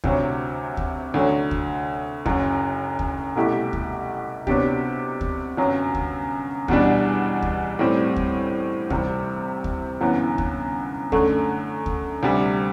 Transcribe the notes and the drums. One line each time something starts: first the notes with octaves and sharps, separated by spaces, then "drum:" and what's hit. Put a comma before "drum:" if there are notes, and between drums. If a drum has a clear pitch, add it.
D2 C3 F#3, drum: kick D2
drum: kick D2
D2 D3 F#3
drum: kick D2
F#1 F#2 F#3, drum: kick D2
drum: kick D2
C2 B2 A3 E4 G4
drum: kick D2
C3 F#3 B3 D4 G4, drum: kick D2
drum: kick D2
G1 F#2 F#3
drum: kick D2
E2 B2 G3 D4, drum: kick D2
drum: kick D2
A2 G3 C4
drum: kick D2
C2 C3 E3 G3 C4, drum: kick D2
drum: kick D2
G1 F#2 E3 B3
drum: kick D2
F#2 D3 A3, drum: kick D2
drum: kick D2
D2 C3 G3